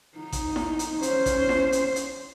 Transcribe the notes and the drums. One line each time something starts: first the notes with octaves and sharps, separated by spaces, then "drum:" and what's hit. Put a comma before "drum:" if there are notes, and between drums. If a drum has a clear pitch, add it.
D#4
drum: kick A1, hi-hat
drum: snare E4
drum: hi-hat
C#4 C5, drum: hi-hat
drum: kick A1, hi-hat
drum: snare E4
drum: hi-hat
drum: hi-hat